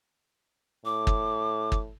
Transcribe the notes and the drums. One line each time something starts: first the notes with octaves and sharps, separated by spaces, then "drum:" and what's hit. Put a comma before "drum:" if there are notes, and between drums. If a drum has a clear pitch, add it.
A2 D6
drum: kick
drum: kick